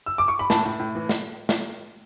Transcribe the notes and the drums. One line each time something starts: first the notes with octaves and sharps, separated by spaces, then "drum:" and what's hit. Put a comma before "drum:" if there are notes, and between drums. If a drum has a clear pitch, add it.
E6
D6
C#6
B5
A2 A5, drum: snare
A2
A2
E3
drum: snare
drum: snare